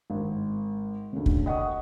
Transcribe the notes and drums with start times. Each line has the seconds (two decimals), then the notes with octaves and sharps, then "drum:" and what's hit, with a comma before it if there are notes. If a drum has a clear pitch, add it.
0.10 G#1
1.13 D2 C#3
1.26 drum: kick
1.46 D#5 F#5 C#6 D#6